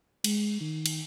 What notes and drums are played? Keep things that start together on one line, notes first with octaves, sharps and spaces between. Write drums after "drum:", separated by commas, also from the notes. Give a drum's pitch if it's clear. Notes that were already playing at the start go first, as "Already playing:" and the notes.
G#3, drum: cymbal
D#3
drum: cymbal